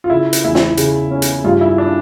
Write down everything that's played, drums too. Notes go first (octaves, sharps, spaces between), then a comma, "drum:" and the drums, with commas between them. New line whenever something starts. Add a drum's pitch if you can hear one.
F4
C#3 E4
drum: hi-hat
E2 E4
drum: snare
C#3, drum: hi-hat
C#4
drum: hi-hat
G2 F4
E4
D4